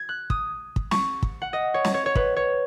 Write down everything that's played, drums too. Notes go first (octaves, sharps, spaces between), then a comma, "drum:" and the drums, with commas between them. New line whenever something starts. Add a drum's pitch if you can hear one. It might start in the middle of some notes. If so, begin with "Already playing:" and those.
Already playing: G#6
F#6
D#6, drum: kick
drum: kick
C#6, drum: snare
drum: kick
F#5
D#5
C#5
drum: snare
C#5
C#5
B4, drum: kick
C#5